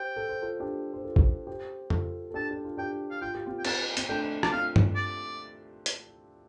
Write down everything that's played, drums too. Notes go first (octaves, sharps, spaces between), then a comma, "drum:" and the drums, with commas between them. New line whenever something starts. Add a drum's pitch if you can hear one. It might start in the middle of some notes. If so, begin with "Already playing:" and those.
Already playing: G4 C5 G5
A4
C5
F4 A4
D4 G4
C5
F4 A4
drum: kick
G4 C5
F4 A4, drum: tom F2
A4
D4 G4 A5
D4
F4
D4 G4 G5
F5
F4 G5
G4
C4 F4
G5
C4 A5, drum: cymbal
C4, drum: hi-hat
A3 D4 G5
D5, drum: rim click
C4 F4 F5
drum: tom G2
D5
drum: hi-hat